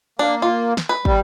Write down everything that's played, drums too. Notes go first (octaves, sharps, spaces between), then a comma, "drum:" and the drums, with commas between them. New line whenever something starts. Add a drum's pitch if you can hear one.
A#3 D4
F4
drum: snare
B4
G3, drum: kick